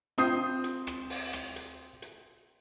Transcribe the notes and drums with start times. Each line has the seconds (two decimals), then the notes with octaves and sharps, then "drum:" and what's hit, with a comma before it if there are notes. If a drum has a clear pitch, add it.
0.18 C4 F4 D#6 G6 C7, drum: hi-hat
0.64 drum: hi-hat
0.87 drum: rim click
1.10 drum: open hi-hat
1.33 drum: rim click
1.56 drum: hi-hat
2.02 drum: hi-hat